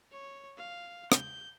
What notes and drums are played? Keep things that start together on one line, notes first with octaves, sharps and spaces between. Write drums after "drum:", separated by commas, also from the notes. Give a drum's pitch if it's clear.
C#5
F5
G6, drum: rim click